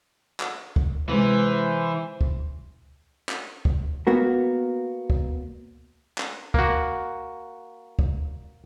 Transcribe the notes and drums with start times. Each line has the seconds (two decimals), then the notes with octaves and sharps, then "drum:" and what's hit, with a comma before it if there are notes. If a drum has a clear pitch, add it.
0.40 drum: clap
0.76 drum: kick
1.09 C3 E3 G#3 C5
2.21 drum: kick
3.29 drum: clap
3.65 drum: kick
4.07 A#3 B3 F#4 A#4
5.10 drum: kick
6.18 drum: clap
6.54 A#3 F#4, drum: kick
7.99 drum: kick